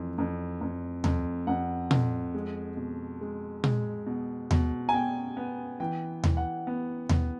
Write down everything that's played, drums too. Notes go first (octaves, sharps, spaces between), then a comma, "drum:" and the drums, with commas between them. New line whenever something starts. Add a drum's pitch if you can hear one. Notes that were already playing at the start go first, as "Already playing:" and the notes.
Already playing: F2 E3
F2
F2
F2, drum: tom D#2
F2 F#5
F2, drum: tom A#2
G#3
B2
G#3
G#3, drum: tom A#2
B2
B2, drum: tom D#2
G#5
B2 G5
B3
E3 G5
E3, drum: tom D#2
F#5
B3
B3, drum: tom D#2